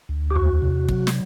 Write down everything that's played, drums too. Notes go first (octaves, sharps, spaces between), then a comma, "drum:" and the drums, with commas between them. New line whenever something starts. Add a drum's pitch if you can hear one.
D2
G4
E2 F#4
C3
F#3, drum: kick
drum: snare